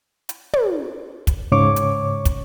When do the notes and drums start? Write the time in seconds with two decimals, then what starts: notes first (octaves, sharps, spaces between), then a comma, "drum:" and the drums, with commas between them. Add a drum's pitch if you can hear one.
0.29 drum: hi-hat
0.53 drum: tom
1.27 drum: kick, hi-hat
1.52 G#2 C#3 C#5 C#6 D6
1.76 drum: hi-hat
2.25 drum: kick, hi-hat